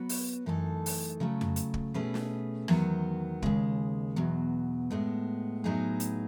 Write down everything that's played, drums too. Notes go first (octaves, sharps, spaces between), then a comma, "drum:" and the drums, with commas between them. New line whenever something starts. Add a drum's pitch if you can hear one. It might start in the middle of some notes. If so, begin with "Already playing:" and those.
Already playing: F#3 B3 F#4 B4
drum: open hi-hat
F#2 E3 A3 D#4 A4
drum: open hi-hat
C#3 F#3 A3
drum: tom F2
drum: hi-hat
drum: kick
B2 A3 C#4 G#4 B4
drum: snare
E2 D#3 F#3 B3 F#4, drum: rim click
D#2 C#3 G#3, drum: kick
E2 B2 F#3
A2 G#3 B3
A2 F#3 B3 D#4 G#4
drum: hi-hat